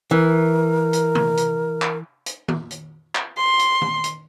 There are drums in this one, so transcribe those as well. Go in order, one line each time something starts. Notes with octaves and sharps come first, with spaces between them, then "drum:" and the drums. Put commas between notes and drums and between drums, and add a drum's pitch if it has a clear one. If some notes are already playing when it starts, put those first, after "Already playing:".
E3 A#4
drum: hi-hat
drum: tom
drum: hi-hat
drum: clap
drum: hi-hat
drum: tom D#3
drum: hi-hat
drum: clap
C6
drum: hi-hat
drum: tom D#3
drum: hi-hat